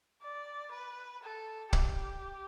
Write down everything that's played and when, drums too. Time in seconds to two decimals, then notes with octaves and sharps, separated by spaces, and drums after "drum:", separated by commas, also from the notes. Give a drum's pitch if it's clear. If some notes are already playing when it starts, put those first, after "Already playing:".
0.22 D5
0.71 B4
1.23 A4
1.73 G4, drum: kick